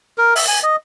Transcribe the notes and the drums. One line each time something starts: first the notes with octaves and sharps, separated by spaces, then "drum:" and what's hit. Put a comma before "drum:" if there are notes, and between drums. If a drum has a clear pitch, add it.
A#4
E5, drum: open hi-hat
G#5
D#5